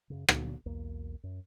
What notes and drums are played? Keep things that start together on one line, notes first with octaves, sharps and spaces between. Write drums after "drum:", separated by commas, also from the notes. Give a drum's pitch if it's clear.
F#2 C#3
A#2 D3 F#3, drum: rim click
B1 E2 A#3
F#2